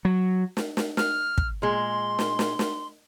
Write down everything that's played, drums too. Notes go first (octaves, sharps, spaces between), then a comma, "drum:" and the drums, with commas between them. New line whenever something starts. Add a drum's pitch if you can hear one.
F#3
drum: snare
drum: snare
F6, drum: snare
drum: kick
A#2 G#3 C6
drum: snare
drum: snare
drum: snare